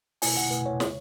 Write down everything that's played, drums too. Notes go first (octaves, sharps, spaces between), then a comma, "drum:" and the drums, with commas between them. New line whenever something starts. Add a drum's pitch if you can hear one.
B2 A3 E4 G#5, drum: open hi-hat
F#5
B2 A3 E4 B4
C#5
C#3 G#3 C#5, drum: snare